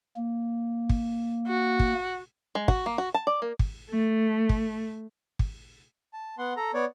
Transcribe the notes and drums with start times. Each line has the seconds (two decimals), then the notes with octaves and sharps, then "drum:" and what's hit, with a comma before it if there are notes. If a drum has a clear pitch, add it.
0.17 A#3
0.89 drum: kick
1.48 F#4
1.79 drum: kick
2.55 G#3
2.68 F#4, drum: kick
2.86 A#3
2.98 F#4
3.14 A5
3.27 D5
3.42 A#3
3.59 drum: kick
3.89 A3
4.49 drum: kick
5.39 drum: kick
6.13 A5
6.38 B3 F#5 C6
6.57 A4 A#5
6.74 B3 C#5 D5